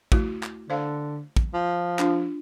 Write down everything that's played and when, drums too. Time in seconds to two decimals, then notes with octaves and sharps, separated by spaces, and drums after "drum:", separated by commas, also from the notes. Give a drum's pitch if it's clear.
0.12 A3 E4 F#4, drum: kick
0.43 drum: clap
0.70 D3 C5 F5
1.37 drum: kick
1.54 F3
1.99 D4 F4, drum: clap